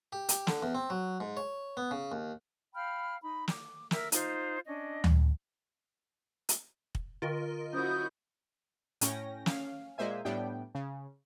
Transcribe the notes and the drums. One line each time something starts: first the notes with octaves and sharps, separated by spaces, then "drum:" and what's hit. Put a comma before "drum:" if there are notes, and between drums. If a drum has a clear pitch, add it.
G4
G4, drum: hi-hat
D3, drum: snare
E2
C4
F#3
G#2
C#5
B3
C#3
D#2
F5 G5 B5 F6
D#4 B5
D6, drum: snare
A#4 E5 E6, drum: snare
D#4 F4 C5, drum: hi-hat
C#4 D4 D#5
drum: tom D2
drum: hi-hat
drum: kick
D3 F4 A#4 D#5 G5 C#6
F#3 C#4 E4 F#4 C5 D#6 G6
A2 C#4 G5 A#6, drum: hi-hat
C#4 F5, drum: snare
A#2 G#3 A#3 C5 E5 G#5
A2 G3 B3 D4 G5
C#3